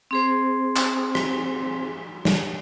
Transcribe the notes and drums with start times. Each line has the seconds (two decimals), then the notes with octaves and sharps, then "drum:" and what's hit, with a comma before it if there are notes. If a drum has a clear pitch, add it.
0.11 C4 G#4 C5
0.76 drum: clap
1.15 drum: rim click
2.25 drum: snare